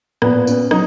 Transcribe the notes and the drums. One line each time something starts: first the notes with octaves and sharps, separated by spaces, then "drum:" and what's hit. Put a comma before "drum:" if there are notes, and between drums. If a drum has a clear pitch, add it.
A#2 B3 B4, drum: rim click
C#4, drum: tambourine
F#3 D#4, drum: rim click